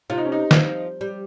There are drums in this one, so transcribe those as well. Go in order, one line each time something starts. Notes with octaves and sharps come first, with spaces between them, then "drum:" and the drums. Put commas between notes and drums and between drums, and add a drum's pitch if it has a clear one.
C3 F4
D#4
C#4
D#4
G3, drum: snare
F3
G3